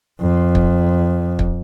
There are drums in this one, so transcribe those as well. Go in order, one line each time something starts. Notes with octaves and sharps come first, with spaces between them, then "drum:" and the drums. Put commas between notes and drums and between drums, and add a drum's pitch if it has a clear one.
F2
drum: kick
drum: kick